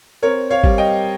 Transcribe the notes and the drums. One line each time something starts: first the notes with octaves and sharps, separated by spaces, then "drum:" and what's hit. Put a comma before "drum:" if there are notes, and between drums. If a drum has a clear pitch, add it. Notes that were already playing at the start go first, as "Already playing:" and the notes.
C4 A#4 C#5
C#5 F5
G3, drum: kick G#1
D#5 G5